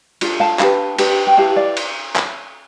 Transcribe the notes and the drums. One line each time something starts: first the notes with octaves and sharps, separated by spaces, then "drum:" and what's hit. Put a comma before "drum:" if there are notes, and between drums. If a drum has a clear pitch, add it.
D4 F4 A4, drum: cymbal
F5 A5
D4 G4 B4 F5 A5, drum: clap
D4 G4 B4, drum: cymbal
G5
E4 G4 B4 F5 A5
D5 F5
drum: cymbal
drum: clap